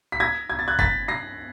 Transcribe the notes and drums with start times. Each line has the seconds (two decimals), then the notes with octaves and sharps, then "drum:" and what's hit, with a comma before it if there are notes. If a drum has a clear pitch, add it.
0.12 B6
0.20 G#6 A#6
0.50 G#6
0.59 A6
0.68 F#6 G#6
0.79 A6 B6, drum: kick G1
1.08 A#6 C7